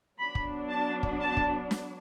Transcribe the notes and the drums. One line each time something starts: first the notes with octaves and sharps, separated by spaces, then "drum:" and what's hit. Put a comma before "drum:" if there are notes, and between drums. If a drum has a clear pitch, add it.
F#3 B3 D4 B5
drum: kick
A5
drum: kick
A5
drum: kick
drum: snare